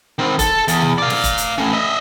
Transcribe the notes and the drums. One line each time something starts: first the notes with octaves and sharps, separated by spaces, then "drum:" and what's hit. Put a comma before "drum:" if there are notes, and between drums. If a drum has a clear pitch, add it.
D#3 C4
A4, drum: kick, hi-hat
E2, drum: hi-hat
drum: tom B2
D5 F5
drum: snare
drum: kick, hi-hat
drum: hi-hat
A3 C#4
D#5 E5